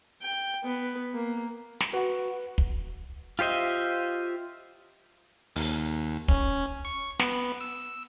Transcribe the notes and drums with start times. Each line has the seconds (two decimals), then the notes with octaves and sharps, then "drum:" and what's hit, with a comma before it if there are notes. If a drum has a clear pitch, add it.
0.21 G5
0.64 B3 B4
1.14 A#3
1.80 drum: snare
1.93 F#4 B4 F#5
2.58 drum: kick
3.39 F4 G4 C5 D#5 E5
5.56 D#2, drum: open hi-hat
6.28 C#4, drum: kick
6.85 C#6
7.19 B3, drum: snare
7.61 E6